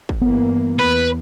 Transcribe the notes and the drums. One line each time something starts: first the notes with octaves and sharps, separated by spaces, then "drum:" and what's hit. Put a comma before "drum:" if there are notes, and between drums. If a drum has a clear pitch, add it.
drum: kick
G2 E3 A#3 B3
E2 B4